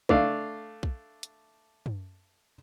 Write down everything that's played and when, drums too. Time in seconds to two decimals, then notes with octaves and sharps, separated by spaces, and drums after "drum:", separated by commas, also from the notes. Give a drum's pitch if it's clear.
0.09 A3 D4 F5, drum: kick
0.83 drum: kick
1.23 drum: hi-hat
1.86 drum: tom